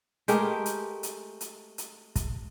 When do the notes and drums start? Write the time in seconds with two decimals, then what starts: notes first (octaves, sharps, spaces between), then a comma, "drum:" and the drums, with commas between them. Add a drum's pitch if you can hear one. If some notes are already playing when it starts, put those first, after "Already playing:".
0.28 G#3 A3 G4 A#4, drum: hi-hat
0.66 drum: hi-hat
1.03 drum: hi-hat
1.41 drum: hi-hat
1.78 drum: hi-hat
2.16 drum: kick, hi-hat